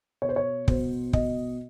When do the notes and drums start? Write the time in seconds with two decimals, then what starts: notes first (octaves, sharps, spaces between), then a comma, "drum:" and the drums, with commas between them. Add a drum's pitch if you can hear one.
0.22 B2 C#5
0.29 C5
0.36 C#5
0.68 B2 C5, drum: kick
1.13 B2 D#5, drum: kick